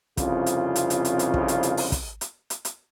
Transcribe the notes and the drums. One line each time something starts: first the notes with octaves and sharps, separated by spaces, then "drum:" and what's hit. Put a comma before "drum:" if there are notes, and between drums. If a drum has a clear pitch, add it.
C2 F2 C#3 F4, drum: kick, hi-hat
drum: hi-hat
drum: hi-hat
drum: hi-hat
drum: hi-hat
drum: hi-hat
drum: kick
drum: hi-hat
drum: hi-hat
drum: open hi-hat
drum: kick, hi-hat
drum: hi-hat
drum: hi-hat
drum: hi-hat